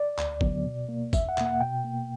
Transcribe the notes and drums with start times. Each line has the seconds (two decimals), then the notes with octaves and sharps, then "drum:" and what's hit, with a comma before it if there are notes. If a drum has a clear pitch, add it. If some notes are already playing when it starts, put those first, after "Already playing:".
Already playing: D5
0.18 D2, drum: clap
0.41 D3 F#3 B3, drum: kick
0.65 B2
0.89 A#3
1.13 E2 E5, drum: kick, tambourine
1.29 F#5
1.38 B2 A#3, drum: clap
1.46 F#5
1.61 B2 G5
1.84 A#3